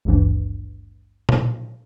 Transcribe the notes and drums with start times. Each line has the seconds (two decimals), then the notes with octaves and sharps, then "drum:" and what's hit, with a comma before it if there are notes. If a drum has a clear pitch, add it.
0.05 G#1 D2 G2 E3
1.29 drum: tom A#2